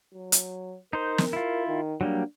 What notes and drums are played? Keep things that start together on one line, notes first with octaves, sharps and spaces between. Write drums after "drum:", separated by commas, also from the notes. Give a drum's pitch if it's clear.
F#3
drum: hi-hat
D#4 A#4 C5
drum: snare
E4 F4
D#3
F#3 G3 A#3 D4